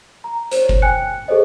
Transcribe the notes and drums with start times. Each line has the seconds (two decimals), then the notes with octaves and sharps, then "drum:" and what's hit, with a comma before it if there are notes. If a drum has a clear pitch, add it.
0.24 A#5
0.51 C5 C#5, drum: hi-hat
0.69 drum: kick G1
0.82 G5 G#5 F#6 C#7
1.28 G#4 A4 C5 C#5 D#5